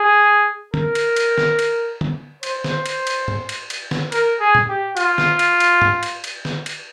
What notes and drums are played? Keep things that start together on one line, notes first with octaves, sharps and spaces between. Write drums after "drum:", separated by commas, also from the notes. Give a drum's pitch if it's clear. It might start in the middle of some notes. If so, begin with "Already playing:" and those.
Already playing: G#4
A#4, drum: tom
drum: cymbal
drum: cymbal
drum: snare D#3
drum: cymbal
drum: tom
C5, drum: cymbal
drum: snare D#3
drum: cymbal
drum: cymbal
drum: tom
drum: cymbal
drum: cymbal
drum: snare D#3
A#4, drum: cymbal
G#4
drum: tom A#2
G4
F4, drum: cymbal
drum: snare D#3
drum: cymbal
drum: cymbal
drum: tom
drum: cymbal
drum: cymbal
drum: snare D#3
drum: cymbal